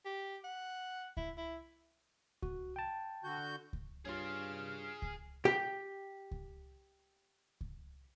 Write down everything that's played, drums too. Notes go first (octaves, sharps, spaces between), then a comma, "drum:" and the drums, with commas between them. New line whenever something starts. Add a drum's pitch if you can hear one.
G4
F#5
E4, drum: kick C#2
E4
F#4, drum: kick C#2
G5 A5
D3 F#4 G6
drum: kick C#2
G2 F4 G#4 C#5 F5 F6
drum: kick C#2
G4 G5
drum: kick C#2
drum: kick C#2